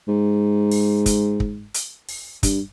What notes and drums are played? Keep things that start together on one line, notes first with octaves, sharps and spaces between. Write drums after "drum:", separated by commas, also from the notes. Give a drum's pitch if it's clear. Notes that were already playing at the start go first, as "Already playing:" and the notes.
G#2
drum: open hi-hat
drum: kick, hi-hat
drum: kick
drum: hi-hat
drum: open hi-hat
G2, drum: kick, hi-hat